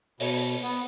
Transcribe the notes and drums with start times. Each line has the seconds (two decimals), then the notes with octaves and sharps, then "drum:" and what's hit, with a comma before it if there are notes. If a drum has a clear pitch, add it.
0.20 B2, drum: open hi-hat
0.63 B3